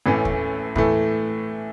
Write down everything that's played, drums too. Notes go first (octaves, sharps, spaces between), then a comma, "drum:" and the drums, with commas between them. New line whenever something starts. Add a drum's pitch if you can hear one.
A1 A2 E3 A3 C#4
drum: kick
A2 E3 A3, drum: kick